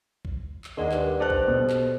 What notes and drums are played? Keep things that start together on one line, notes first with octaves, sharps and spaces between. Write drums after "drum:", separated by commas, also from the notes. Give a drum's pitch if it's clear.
drum: kick A#1
drum: clap
D#2 G#3 A#4 D5 F#5
G2, drum: clap
A4 C5 D5 A5 F#6
drum: kick A#1
B2
drum: clap